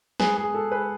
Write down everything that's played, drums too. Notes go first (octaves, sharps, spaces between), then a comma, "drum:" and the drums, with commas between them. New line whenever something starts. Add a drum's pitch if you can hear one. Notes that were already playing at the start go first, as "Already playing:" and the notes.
G#3 G#4 B4, drum: snare
G#4
G#3
A4
G#3
G#4 B4